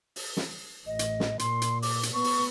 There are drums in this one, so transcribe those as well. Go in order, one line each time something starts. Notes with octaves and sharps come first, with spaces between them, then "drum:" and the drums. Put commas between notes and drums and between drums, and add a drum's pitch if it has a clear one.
drum: open hi-hat
drum: snare
A1 D#5
drum: hi-hat
drum: snare
A#2 C6, drum: hi-hat
drum: hi-hat
D6, drum: open hi-hat
drum: hi-hat
B3 C#6
drum: open hi-hat